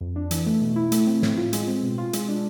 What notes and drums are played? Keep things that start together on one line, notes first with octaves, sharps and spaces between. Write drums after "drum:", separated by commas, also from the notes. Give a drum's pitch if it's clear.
F2
D4
E3, drum: hi-hat
A3
B2
E4
A3, drum: hi-hat
C4
A2, drum: snare
F4
G#3, drum: hi-hat
C4
B2
F4
G#3, drum: hi-hat
D4